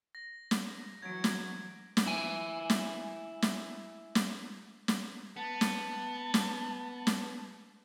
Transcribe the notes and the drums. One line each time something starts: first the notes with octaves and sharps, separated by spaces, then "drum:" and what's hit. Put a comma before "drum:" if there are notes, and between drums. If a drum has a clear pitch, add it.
A#6
drum: snare
E3 F#3 F#4 G#6 D7
drum: snare
drum: snare
E4 G#5
drum: snare
drum: snare
drum: snare
drum: snare
B3 A5
drum: snare
drum: snare
drum: snare